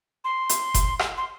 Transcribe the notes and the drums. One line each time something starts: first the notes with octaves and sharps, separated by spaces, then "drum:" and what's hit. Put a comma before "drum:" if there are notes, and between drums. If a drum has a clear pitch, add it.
C6
drum: hi-hat
drum: kick F#1, hi-hat
drum: rim click
C6